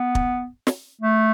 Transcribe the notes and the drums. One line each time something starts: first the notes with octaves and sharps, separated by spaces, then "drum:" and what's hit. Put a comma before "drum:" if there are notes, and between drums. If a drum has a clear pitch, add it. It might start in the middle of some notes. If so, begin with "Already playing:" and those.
Already playing: B3
drum: kick
drum: snare
A3